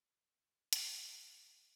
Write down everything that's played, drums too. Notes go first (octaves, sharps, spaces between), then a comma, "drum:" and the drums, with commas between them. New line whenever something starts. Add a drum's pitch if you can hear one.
E4
A#4
G#4
B3, drum: hi-hat
C4
C#4